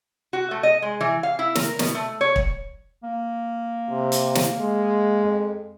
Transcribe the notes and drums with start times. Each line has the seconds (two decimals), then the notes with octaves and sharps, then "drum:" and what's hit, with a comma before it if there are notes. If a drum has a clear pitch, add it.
0.33 F#4
0.51 A3
0.63 D#5
0.82 G#3
1.01 E3
1.23 F5
1.39 E4
1.55 A#4, drum: snare
1.79 B2, drum: snare
1.95 A3
2.21 C#5
2.36 drum: kick
3.03 A#3
3.90 C3
4.12 drum: hi-hat
4.35 drum: snare
4.60 G#3
5.23 F2